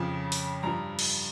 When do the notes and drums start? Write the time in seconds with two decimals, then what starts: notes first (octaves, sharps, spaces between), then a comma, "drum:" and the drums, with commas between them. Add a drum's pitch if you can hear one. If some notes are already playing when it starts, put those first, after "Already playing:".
Already playing: F2 C#3 F3
0.32 drum: open hi-hat
0.63 G2 F3 A#5
0.99 drum: cymbal